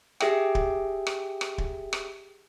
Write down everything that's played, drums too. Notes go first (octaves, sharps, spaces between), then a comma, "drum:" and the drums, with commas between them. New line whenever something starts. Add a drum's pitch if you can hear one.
G4 G#4 E5 G5, drum: rim click
drum: kick
drum: rim click
drum: rim click
drum: kick
drum: rim click